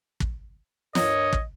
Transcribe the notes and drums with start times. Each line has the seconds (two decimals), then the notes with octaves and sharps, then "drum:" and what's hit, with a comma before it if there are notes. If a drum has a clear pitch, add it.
0.20 drum: kick
0.95 G2 A#4 C#5 D#5, drum: snare
1.33 drum: kick